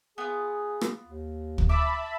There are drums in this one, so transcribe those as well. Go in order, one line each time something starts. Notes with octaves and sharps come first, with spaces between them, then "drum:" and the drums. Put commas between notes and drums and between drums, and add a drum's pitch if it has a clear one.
B3 F4 G#4
drum: rim click
D#2
drum: kick
E5 A5 B5 D6